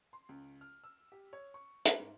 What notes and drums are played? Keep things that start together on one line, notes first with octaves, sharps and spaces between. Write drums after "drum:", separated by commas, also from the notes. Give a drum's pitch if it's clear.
C6
C#2
F6
E6
G4
C#5
C#6
B4, drum: hi-hat
G#2